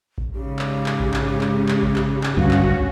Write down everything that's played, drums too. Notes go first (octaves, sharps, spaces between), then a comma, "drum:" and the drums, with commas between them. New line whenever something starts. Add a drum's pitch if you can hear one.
drum: kick A1
G#2 C#3 G4
drum: clap
drum: clap
drum: kick A1
drum: clap
drum: clap
drum: clap
drum: kick A1
drum: clap
drum: clap
D2 G2 C#4 F#4 F5
drum: clap
drum: kick A1